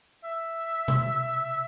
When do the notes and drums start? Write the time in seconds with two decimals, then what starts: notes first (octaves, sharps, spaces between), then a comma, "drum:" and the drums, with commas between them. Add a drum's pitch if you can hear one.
0.24 E5
0.88 drum: tom B2